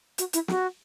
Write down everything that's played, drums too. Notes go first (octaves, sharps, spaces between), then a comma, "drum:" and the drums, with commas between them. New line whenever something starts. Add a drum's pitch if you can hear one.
F#4, drum: hi-hat
E4, drum: hi-hat
F#4, drum: snare